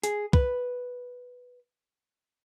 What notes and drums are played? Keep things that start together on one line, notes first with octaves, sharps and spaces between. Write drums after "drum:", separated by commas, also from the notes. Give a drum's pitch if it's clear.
G#4, drum: hi-hat
B4, drum: kick